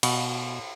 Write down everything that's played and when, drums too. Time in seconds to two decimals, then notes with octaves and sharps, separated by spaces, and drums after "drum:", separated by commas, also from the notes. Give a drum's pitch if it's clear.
0.03 B2, drum: cymbal